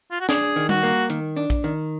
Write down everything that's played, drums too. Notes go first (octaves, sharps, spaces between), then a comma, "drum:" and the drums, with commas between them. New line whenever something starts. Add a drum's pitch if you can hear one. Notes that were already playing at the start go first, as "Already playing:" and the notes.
F4
F#4
D4 G#4, drum: snare
D#3
F#4, drum: tom G3
A#3
D#3, drum: hi-hat
D4
drum: kick, hi-hat
D#3